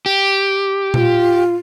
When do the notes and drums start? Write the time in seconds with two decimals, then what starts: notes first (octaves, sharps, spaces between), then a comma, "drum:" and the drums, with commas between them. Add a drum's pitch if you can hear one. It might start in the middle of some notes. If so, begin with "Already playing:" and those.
0.06 G4
0.94 F4, drum: tom A#2